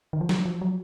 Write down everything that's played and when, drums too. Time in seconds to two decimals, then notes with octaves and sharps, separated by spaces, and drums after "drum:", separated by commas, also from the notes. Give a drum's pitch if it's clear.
0.13 D#3
0.21 F3
0.29 F#3, drum: snare
0.45 F3
0.61 F#3